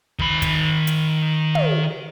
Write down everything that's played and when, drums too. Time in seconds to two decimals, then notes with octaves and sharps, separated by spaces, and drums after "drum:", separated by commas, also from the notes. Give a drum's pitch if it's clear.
0.19 D#3 B5, drum: kick
0.42 drum: kick, hi-hat
0.87 drum: hi-hat
1.55 drum: tom